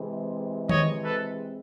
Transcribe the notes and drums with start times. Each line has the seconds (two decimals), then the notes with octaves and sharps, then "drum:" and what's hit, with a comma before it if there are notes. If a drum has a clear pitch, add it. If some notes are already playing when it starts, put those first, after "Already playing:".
Already playing: C3 E3 G#3 C4
0.69 C#5 D#5, drum: tom D#3
1.05 A4 B4